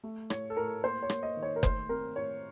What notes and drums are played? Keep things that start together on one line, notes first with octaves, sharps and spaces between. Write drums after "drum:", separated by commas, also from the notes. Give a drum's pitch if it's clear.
A3
A2 C#5, drum: rim click
A4
A2 A#4
A#3 C5
C#5
A#3, drum: rim click
D#5
D#3
C#5
A#4
A3 C5, drum: kick F#1
C4 A#4
A2 C#5